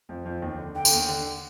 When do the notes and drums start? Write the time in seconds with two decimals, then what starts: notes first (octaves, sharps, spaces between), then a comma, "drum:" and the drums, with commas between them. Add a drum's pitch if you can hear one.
0.09 F2 F3
0.25 F2 F3
0.42 D#2 D#3
0.58 D3
0.75 D3 G5
0.85 D3, drum: tambourine
0.91 D#2 D#3
1.09 D3